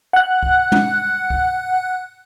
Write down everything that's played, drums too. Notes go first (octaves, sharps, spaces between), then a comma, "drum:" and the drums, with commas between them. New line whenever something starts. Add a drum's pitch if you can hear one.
F#5 F#6
drum: kick C#2
drum: tom
drum: kick C#2